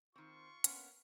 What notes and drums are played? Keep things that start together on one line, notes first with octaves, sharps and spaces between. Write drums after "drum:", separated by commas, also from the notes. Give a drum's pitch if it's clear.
D#3 C4 F4 C6 C#6
A#3 B3 C#4, drum: hi-hat